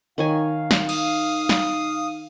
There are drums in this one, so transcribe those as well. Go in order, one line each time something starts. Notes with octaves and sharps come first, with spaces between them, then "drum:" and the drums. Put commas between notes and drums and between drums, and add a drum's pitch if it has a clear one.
D#3 D#4 C#5 F5 G#5
drum: snare
D#6, drum: cymbal
drum: snare